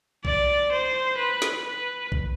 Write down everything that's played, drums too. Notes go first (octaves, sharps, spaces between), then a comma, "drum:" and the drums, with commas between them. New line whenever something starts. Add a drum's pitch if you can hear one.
D5, drum: kick B1
C5
B4
drum: snare
B4
drum: kick B1